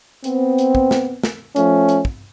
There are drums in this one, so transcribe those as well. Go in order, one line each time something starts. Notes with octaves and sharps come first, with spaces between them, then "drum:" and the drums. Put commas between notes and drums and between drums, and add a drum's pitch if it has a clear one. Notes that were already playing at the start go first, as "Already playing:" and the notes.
B3 C4, drum: hi-hat
drum: hi-hat
drum: kick
drum: snare
drum: snare
F3 A3 C#4, drum: hi-hat
drum: hi-hat
drum: kick